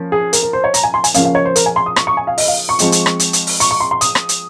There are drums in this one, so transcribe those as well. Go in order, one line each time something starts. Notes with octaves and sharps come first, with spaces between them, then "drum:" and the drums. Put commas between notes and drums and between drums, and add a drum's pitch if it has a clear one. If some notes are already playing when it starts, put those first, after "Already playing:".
Already playing: F3 A#3 C#4
G#4
A#4, drum: hi-hat
A#4
C5
C#5
A#5, drum: hi-hat
G#5
C6
G#5, drum: hi-hat
C#3 F3 A#3 C#4 F5, drum: hi-hat
F5
C#5
C5
A#4, drum: hi-hat
G#5
C6
D#6
C#6, drum: rim click
C#6
G#5
F5
D#5, drum: open hi-hat
F5
C#6
F3 G#3 C4, drum: hi-hat
drum: hi-hat
drum: rim click
drum: hi-hat
drum: hi-hat
drum: open hi-hat
C#6, drum: hi-hat
C#6
C6
C6
D#6, drum: hi-hat
drum: rim click
drum: hi-hat